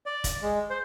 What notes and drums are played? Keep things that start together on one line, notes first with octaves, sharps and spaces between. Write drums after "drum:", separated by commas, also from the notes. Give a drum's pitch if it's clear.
D5
drum: kick, hi-hat
G#3
C5